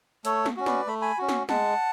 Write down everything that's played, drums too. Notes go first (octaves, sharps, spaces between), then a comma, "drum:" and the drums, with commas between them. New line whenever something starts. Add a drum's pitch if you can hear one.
A3 A4 C#5, drum: hi-hat
drum: snare
C#4 F#4
B4 D5, drum: snare
A3 B5
G#5 B5
C#4 F#4
drum: snare
G#3 F#5 A5, drum: snare